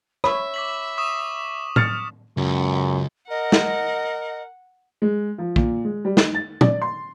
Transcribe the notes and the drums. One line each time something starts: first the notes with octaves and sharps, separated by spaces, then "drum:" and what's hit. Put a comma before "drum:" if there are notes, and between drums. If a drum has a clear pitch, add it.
C#5 E5 B5, drum: rim click
D6 B6 F#7
C#6 D#6 E7
F6 A6 C#7, drum: tom
C#2 F#2
A#4 D#5 F#5
drum: snare
G#3
F3
A#2, drum: kick
G#3
G3
D#4, drum: snare
A6
D5, drum: tom
C6